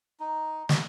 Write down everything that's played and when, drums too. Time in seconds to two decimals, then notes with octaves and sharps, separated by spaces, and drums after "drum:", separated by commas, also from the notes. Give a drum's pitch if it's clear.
0.20 D#4
0.69 A3, drum: snare